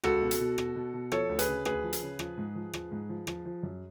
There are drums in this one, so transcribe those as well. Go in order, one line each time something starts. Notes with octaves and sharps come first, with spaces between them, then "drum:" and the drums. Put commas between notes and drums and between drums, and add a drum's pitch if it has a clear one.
C#2 F#4 A4, drum: rim click
B2
drum: hi-hat
B2
B2, drum: rim click
B2
B2
F3 A4 C#5, drum: rim click
D2
G#4 B4, drum: hi-hat
C#3
D2 G#4 B4, drum: rim click
F3
drum: hi-hat
C#3
F3, drum: rim click
G#2
F3
F3, drum: rim click
G#2
F3
F3, drum: rim click
F3
F#2